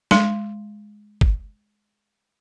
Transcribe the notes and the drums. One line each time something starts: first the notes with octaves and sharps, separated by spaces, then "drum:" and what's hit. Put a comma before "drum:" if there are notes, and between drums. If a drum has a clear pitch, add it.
G#3 C6, drum: snare
drum: kick